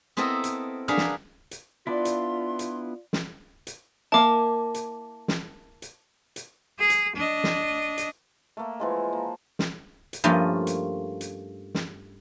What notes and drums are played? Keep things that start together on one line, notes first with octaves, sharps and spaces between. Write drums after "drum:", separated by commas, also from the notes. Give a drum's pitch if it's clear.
B3 C4 E4 A4 A#4 D#5
drum: hi-hat
D4 G#4 A#4 B4 F5 F#5
drum: snare
drum: hi-hat
B3 D4 E4 F4 D5 C6
drum: hi-hat
drum: hi-hat
drum: snare
drum: hi-hat
A#3 E4 A5 D6
drum: hi-hat
drum: snare
drum: hi-hat
drum: hi-hat
G#4
drum: hi-hat
D4 D#5
drum: snare
drum: hi-hat
A3 A#3
E3 F3 G#3
A#3
drum: snare
drum: hi-hat
G2 F3 A3 A#3 C#4 F4
drum: hi-hat
drum: hi-hat
drum: snare